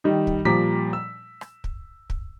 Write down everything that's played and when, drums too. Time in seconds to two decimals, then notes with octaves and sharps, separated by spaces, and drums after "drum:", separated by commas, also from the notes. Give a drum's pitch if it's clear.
0.04 D#3 G3 D#4
0.27 drum: kick
0.45 A#2 F3 G3 A#5 D6 B6
0.93 E6
1.41 drum: rim click
1.64 drum: kick
2.10 drum: kick